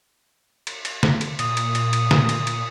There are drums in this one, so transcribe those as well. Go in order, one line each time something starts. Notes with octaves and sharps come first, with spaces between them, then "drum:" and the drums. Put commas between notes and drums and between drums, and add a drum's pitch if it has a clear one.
drum: cymbal
drum: cymbal
drum: snare
drum: cymbal
A#2 D#6, drum: cymbal
drum: cymbal
drum: cymbal
drum: cymbal
drum: snare
drum: cymbal
drum: cymbal